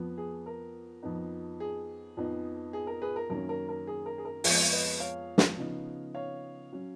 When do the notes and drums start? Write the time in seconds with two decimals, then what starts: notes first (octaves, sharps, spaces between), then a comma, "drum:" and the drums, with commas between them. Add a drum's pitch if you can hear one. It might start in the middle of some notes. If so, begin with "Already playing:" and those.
Already playing: F2 F3 B3
0.18 G#4
0.46 A#4
1.03 F2 F3 B3 D#4
1.60 G#4
2.17 F2 F3 B3 D#4
2.73 G#4
2.87 A#4
3.02 G#4 B4
3.16 A#4
3.30 F#2 D#3 A#3 C#4 A#4
3.49 A#4
3.69 A#4
3.87 G#4
4.06 A#4
4.18 G#4
4.25 A#4
4.44 F2 F3 G#3 B3 G#4 B4, drum: open hi-hat
4.72 B4 D#5
5.00 C#5 F5
5.38 drum: snare
5.57 C#3 F3 B3 D#4
6.14 C#5 F5
6.73 F#3 C#4